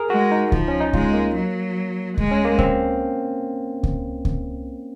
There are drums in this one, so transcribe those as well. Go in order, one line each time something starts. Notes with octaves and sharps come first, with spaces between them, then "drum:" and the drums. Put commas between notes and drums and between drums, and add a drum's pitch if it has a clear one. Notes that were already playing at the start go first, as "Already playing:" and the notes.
Already playing: G#4 A#4
G#3 F#4
D#4
F3, drum: kick C#2
C#4
D#4
G#3 F4, drum: kick C#2
A#3
F#3
G#3, drum: kick C#2
C#4
A#3
C4, drum: kick C#2
drum: kick C#2
drum: kick C#2